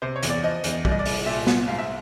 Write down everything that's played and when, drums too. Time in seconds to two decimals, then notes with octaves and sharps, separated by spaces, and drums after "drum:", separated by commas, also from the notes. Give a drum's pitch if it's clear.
0.02 C3 C5
0.16 C#5
0.23 E2, drum: hi-hat
0.30 D5
0.43 F3 D#5
0.64 E2, drum: hi-hat
0.85 C2 D5, drum: kick
0.92 D#5
0.99 D5
1.05 C2, drum: open hi-hat
1.26 A#2 E5
1.47 C2, drum: snare
1.68 G#2 F5
1.78 E5